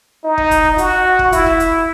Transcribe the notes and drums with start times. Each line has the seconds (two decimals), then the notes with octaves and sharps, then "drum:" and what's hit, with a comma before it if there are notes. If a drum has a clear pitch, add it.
0.25 D#4
0.38 drum: kick
0.51 drum: kick, hi-hat
0.65 drum: kick
0.78 F#4, drum: hi-hat
1.19 drum: kick
1.32 E4, drum: kick, hi-hat
1.46 drum: kick
1.60 drum: hi-hat